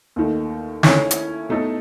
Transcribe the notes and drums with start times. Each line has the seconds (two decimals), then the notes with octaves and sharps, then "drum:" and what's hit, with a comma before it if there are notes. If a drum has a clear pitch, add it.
0.16 D#2 D#3 A3
0.83 D#3 A3 C#4 E4, drum: snare
1.11 drum: hi-hat
1.49 B2 A3 D#4 A4